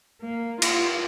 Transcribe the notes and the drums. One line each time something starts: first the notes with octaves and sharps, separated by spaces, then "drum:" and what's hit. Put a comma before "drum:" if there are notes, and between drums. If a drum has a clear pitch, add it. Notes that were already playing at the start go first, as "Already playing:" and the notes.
A#3
F4, drum: cymbal